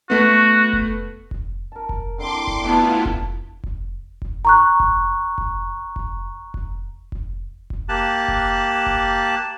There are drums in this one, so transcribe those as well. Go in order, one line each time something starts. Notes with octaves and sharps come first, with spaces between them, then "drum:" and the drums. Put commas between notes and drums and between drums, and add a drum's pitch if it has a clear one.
A3 B3 F#4
drum: kick F1
drum: kick F1
A#4 A5
drum: kick F1
D3 C4 E4 C6 D6
drum: kick F1
C3 A3 B3 D4 E4 F4
drum: kick F1
drum: kick F1
drum: kick F1
A#5 C#6 F#6
drum: kick F1
drum: kick F1
drum: kick F1
drum: kick F1
drum: kick F1
drum: kick F1
A#3 G4 A5 F#6
drum: kick F1
drum: kick F1